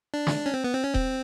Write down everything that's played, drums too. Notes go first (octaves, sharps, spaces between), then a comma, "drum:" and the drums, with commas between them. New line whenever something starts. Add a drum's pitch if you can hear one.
D4
drum: snare
C#4
C4
B3
C4
C#4
C4, drum: kick D#1